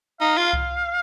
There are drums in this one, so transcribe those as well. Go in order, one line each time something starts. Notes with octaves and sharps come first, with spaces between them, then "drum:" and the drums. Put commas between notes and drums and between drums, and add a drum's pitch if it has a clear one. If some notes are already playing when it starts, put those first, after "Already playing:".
D#4 F5
F4
drum: kick C2